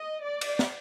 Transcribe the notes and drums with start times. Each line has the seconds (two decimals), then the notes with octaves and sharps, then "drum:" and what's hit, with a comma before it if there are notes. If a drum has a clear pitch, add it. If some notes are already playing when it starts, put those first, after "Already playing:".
Already playing: D#5
0.23 D5
0.41 drum: cymbal
0.59 drum: snare